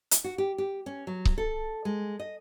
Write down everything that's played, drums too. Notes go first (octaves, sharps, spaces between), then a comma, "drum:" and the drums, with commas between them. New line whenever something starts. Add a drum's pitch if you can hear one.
drum: hi-hat
F#4
G4
G4
C#4
F#3
drum: kick C#1
A4
G#3
D#5